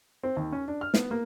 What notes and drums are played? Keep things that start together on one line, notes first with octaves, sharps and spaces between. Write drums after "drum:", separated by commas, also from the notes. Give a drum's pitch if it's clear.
C4
D#2
C#4
D4
F6
B3, drum: snare
A#3